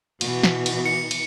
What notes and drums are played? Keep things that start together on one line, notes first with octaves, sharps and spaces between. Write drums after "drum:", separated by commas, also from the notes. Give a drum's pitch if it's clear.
B2 E3 F#4, drum: cymbal
drum: snare
drum: cymbal
C#7
drum: cymbal